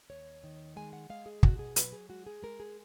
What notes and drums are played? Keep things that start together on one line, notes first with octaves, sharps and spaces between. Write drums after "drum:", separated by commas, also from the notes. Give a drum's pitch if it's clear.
D#2 C#5
D#3
G#3 G#5
F#5
G#3 F5
G#4
B2 F#4, drum: kick
G#4
F#3 B4, drum: hi-hat
G#4
G#3 F#4
G#4
G#3 A#4
G#4